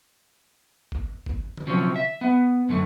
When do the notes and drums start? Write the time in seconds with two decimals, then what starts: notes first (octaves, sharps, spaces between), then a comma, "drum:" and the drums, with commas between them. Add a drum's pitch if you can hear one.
0.92 drum: kick
1.26 drum: kick
1.57 drum: tom D3
1.67 C3 F3 F#3 C4 C#4
1.96 E5
2.21 B3
2.69 F#2 D3 A3